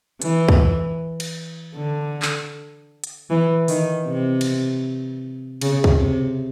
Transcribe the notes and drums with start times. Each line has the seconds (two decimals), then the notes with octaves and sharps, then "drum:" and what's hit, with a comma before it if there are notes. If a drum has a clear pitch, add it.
0.22 E3, drum: hi-hat
0.49 drum: kick
1.20 drum: cymbal
1.75 D3
2.22 drum: clap
3.04 drum: hi-hat
3.30 E3
3.68 D#3, drum: open hi-hat
4.07 C3
4.41 drum: cymbal
5.61 C#3, drum: cymbal
5.84 drum: kick
5.99 C3